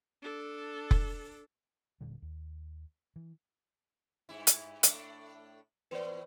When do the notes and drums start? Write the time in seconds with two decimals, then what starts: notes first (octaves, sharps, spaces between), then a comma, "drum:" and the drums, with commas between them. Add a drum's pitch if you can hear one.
0.22 D4 A4
0.91 drum: kick F1
2.01 E1 A#2 D3 G3
2.22 D#2
3.16 E3
4.29 G2 E4
4.47 drum: hi-hat
4.83 A2 A3 D4, drum: hi-hat
5.91 A2 E3 B3 B4 C5 D5